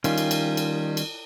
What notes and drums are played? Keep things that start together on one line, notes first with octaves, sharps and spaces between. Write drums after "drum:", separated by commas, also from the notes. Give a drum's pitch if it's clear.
D#3 G3 C#4 F4, drum: cymbal
drum: cymbal
drum: cymbal
drum: cymbal
drum: cymbal